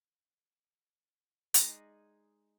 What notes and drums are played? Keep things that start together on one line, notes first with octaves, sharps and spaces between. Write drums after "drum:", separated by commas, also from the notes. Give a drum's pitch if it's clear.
G#3 D#4 G#4 D5 D#5, drum: hi-hat